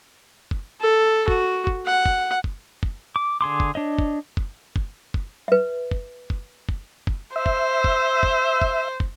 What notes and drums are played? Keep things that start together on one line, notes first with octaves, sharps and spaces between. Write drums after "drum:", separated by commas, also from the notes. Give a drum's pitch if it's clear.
drum: kick
A4
F#4, drum: kick
drum: kick
F#5
drum: kick
drum: kick
drum: kick
D6
D3 G#4 C6 D6
drum: kick
D4 C#5 D#5
drum: kick
drum: kick
drum: kick
drum: kick
B4 E5
drum: kick
drum: kick
drum: kick
drum: kick
C5 E5
drum: kick
drum: kick
drum: kick
drum: kick
drum: kick